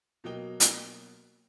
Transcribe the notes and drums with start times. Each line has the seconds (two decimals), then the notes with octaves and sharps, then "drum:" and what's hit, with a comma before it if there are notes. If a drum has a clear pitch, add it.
0.24 B2 F#3 A#3 D#5 G5 G7
0.60 drum: hi-hat